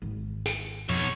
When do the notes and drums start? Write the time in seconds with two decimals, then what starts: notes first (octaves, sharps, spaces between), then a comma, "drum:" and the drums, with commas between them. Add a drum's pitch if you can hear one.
0.02 G#1
0.46 drum: tambourine
0.89 F2 B2 C#5